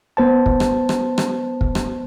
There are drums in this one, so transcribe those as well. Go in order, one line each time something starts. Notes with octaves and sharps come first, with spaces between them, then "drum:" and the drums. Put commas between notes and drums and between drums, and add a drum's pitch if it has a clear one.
B3 C5 A5
drum: kick
drum: rim click
drum: rim click
drum: rim click
drum: kick
drum: rim click